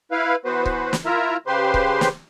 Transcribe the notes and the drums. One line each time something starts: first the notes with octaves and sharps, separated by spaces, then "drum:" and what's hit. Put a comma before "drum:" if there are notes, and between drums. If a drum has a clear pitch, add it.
E4 B4 F5
E3 B3 F#4 B4 C5
drum: kick C#1
drum: snare
E4 F4 A#4 E5 A#5
C#3 G4 B4 C5 C6
drum: kick C#1
drum: snare